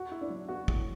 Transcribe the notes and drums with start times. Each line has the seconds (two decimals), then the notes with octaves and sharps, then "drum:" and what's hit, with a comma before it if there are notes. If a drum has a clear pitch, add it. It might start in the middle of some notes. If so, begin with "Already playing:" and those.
Already playing: F#4
0.12 E4
0.21 D4
0.30 F#3
0.48 B3 F#4
0.68 A2, drum: kick